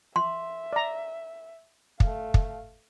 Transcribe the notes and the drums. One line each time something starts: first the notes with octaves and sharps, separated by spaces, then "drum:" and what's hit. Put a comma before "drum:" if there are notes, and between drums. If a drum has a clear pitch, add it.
E5 C6
D5 A#5
A3 F5, drum: kick
drum: kick